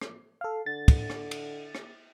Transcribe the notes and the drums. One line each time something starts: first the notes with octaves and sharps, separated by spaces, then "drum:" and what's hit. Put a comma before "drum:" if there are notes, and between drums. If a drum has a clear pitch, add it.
drum: rim click
A4 F5
D3 A6
drum: kick, cymbal
drum: rim click
drum: cymbal
drum: rim click